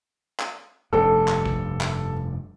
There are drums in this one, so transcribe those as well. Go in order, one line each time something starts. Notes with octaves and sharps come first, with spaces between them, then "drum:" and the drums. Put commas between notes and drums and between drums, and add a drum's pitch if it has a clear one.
drum: clap
F1 G2 A4
drum: clap
drum: kick
drum: clap